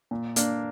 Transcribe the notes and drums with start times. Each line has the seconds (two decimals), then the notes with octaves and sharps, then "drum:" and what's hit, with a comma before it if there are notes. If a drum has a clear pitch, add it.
0.11 A#2
0.36 A#3 D4, drum: hi-hat